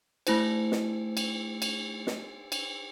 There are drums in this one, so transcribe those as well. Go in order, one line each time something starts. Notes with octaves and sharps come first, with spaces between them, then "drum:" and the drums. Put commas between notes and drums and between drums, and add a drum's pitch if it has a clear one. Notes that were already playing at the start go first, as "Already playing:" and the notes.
A3 E4 C5, drum: cymbal
drum: snare
drum: cymbal
drum: cymbal
drum: snare
drum: cymbal